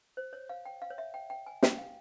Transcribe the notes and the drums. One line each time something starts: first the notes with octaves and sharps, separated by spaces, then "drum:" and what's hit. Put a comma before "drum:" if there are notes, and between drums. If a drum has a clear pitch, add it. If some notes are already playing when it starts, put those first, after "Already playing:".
C5
C#5
F5
G5
F5
C#5
E5
G5
G5
G#5
G5, drum: snare
F5